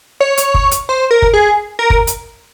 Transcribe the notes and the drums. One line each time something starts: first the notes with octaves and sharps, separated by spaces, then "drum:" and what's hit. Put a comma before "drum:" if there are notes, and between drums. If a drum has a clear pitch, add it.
C#5
drum: hi-hat
drum: kick
drum: hi-hat
C5
A#4
drum: kick
G#4
A#4
drum: kick
drum: hi-hat